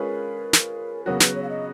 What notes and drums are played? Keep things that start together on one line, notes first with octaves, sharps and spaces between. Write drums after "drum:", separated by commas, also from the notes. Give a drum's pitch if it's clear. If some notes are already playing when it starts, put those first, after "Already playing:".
Already playing: G#3 C#4 F4 G#4 A#4 B4
drum: snare
C#3 F#3 B3 F#4 A#4
B4, drum: snare
C#5
F5
D#5